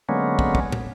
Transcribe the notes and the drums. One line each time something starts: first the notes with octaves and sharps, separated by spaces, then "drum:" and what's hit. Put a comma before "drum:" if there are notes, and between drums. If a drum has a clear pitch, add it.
D3 F#3 G#3 A#3 B3 C#4
drum: kick
drum: kick
drum: tom